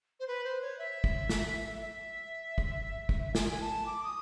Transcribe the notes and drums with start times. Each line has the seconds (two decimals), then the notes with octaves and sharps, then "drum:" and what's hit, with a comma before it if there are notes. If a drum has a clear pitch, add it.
0.20 C5
0.27 B4
0.44 C5
0.61 C#5
0.78 E5
1.04 drum: kick
1.29 drum: snare
1.81 E5
2.58 drum: kick
3.09 drum: kick
3.35 G#5, drum: snare
3.50 G#5
3.61 A5
3.86 D6
4.03 D#6